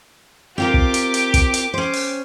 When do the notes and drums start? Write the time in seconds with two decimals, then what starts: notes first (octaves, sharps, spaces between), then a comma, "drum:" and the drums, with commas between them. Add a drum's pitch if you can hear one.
0.58 C4 F4 G4 A#4 D6
0.74 drum: kick
0.94 drum: hi-hat
1.14 drum: hi-hat
1.34 drum: kick, hi-hat
1.54 drum: hi-hat
1.74 C#4 C5
1.93 drum: open hi-hat